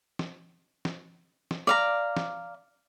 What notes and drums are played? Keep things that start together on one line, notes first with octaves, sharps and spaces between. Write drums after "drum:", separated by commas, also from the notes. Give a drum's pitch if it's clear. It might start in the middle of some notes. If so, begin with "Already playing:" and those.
drum: snare
drum: snare
drum: snare
D5 F5 A#5
drum: snare